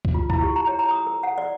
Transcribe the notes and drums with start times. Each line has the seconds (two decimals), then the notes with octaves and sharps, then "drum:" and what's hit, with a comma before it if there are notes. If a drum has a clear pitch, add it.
0.05 drum: kick C#2
0.14 F4
0.30 E4, drum: kick C#2
0.43 G4
0.56 A#5
0.67 C#5
0.79 A#5
0.91 D#6
1.07 A#4
1.23 F#5
1.38 D5